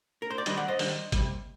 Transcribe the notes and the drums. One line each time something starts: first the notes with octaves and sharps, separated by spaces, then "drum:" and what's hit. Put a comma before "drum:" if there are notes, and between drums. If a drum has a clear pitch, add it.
A#4
C5
D5
D#3 G3 D4 C5 D#5, drum: hi-hat
D5 F#5
C5 D#5
D#3 G3 D4, drum: open hi-hat
C3 G3 A#3, drum: kick G1, hi-hat